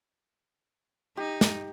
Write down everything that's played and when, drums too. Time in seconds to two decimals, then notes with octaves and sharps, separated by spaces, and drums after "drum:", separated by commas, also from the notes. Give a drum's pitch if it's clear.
1.17 D#4 G4
1.41 drum: snare